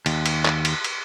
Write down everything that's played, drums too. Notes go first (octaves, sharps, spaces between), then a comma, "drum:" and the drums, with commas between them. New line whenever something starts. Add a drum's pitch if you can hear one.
D#2, drum: cymbal
drum: cymbal
drum: clap
drum: cymbal
drum: cymbal